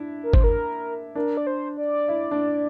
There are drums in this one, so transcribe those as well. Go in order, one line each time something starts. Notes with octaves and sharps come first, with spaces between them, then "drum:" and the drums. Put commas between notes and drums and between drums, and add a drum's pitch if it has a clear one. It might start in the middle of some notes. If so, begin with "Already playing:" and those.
Already playing: D4 E4
A#4
C5, drum: kick
A#4
D4 A#4
D5
C5
D5
E4
D4